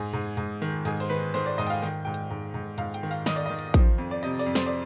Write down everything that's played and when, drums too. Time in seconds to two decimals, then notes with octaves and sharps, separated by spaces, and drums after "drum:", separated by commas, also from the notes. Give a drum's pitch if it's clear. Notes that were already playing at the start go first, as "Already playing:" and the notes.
Already playing: G#2 G#4
0.13 G#2
0.37 G#2, drum: hi-hat
0.62 D#3
0.85 G#2 G#4, drum: hi-hat
1.00 C5, drum: hi-hat
1.09 D#3 B4
1.34 D#3 C5, drum: open hi-hat
1.46 D5
1.58 G#2 D#5
1.67 G5, drum: hi-hat
1.70 F5
1.82 D#3 G5, drum: open hi-hat
2.05 G#2 G5
2.14 drum: hi-hat
2.30 G#2
2.54 G#2
2.78 G#2 F5, drum: hi-hat
2.94 G5, drum: hi-hat
3.03 D#3
3.11 F5, drum: open hi-hat
3.26 D#3 D#5, drum: snare
3.36 D5
3.46 D#3 D#5
3.59 drum: hi-hat
3.74 F3, drum: kick A1, hi-hat
3.98 F2
4.11 D5
4.23 C3 D#5, drum: hi-hat
4.39 D5, drum: open hi-hat
4.46 F2
4.55 C5, drum: snare
4.67 D5